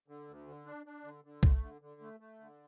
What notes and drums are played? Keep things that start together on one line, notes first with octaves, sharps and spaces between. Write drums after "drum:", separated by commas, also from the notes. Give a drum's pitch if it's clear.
D3
D2
D3
D4
D4
D3
D3
A3, drum: kick
D3
D3
A3
A3
D3